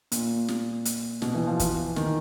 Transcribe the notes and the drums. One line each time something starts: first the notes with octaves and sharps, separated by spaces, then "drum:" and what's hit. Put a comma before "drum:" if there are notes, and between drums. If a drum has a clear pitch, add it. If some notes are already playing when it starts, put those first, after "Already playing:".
A#2, drum: hi-hat
drum: snare
drum: hi-hat
B2, drum: snare
E3
F3
E3, drum: kick, hi-hat
D#3, drum: snare